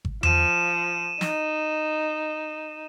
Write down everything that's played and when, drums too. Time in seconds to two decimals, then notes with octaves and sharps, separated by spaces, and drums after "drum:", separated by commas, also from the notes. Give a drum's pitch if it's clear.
0.05 drum: kick G#1
0.23 F3 D#7 E7, drum: tom E2
1.21 D#4, drum: snare